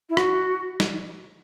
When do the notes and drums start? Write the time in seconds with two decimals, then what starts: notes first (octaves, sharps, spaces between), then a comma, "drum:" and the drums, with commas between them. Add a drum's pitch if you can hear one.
0.09 E4
0.17 F#4, drum: rim click
0.80 drum: snare